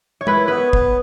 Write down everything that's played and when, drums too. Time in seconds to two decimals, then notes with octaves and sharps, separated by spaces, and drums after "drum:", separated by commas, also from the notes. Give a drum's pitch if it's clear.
0.21 C#5
0.27 E4 B4, drum: tom
0.48 B3 B4
0.58 C#5
0.73 B3, drum: kick